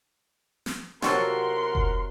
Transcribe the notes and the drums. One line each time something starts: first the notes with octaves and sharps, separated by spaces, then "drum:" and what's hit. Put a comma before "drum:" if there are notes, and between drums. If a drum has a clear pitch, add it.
drum: snare
C3 F#3 F4 F#4 A4 A#4 F#5 C6, drum: snare
drum: kick F1